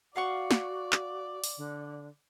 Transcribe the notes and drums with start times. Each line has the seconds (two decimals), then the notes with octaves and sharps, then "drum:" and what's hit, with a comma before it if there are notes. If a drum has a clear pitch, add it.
0.16 F#4 D5 F5 F#5 C#6
0.51 drum: snare
0.92 drum: clap
1.44 drum: open hi-hat
1.58 D3